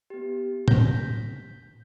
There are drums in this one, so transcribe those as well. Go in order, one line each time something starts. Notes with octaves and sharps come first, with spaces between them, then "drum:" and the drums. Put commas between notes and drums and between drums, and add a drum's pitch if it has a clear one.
B3 G4
G6 A#6 B6, drum: tom